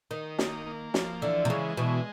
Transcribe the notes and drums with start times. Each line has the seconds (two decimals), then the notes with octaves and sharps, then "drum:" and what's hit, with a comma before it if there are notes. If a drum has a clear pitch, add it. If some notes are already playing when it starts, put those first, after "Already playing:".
0.11 D#3 D#4
0.39 A#3, drum: snare
0.66 A#3
0.94 F3, drum: snare
1.22 D3 E3
1.45 C3
1.50 C#3 G#3
1.77 B2 E3